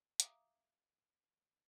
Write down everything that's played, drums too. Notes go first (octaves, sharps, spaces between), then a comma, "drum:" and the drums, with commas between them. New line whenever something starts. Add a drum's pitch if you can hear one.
E5 F5 A#5 D6 D#6, drum: hi-hat